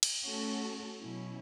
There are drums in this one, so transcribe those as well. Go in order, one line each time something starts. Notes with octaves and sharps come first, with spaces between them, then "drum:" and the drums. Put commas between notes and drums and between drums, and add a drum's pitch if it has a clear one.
drum: cymbal
A3 C#4 F#4 A4
B2 F#3 C#4 E4